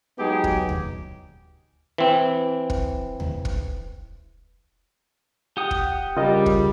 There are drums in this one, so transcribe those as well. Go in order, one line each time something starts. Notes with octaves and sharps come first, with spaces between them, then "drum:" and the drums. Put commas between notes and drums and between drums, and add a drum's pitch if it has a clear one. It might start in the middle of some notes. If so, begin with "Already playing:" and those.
F#3 G#3 B3 D#4 G4 G#4
drum: kick
drum: tom D2
E3 C4
drum: kick
drum: tom D2
drum: kick
G4 F#5 D#6
drum: kick
C#3 G3 F4 A#4 D#5
drum: kick